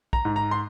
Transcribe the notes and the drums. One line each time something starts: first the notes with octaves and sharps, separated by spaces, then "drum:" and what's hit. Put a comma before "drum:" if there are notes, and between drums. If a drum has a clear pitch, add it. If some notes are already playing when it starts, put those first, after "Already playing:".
A#5, drum: kick
G#2
A#5
C6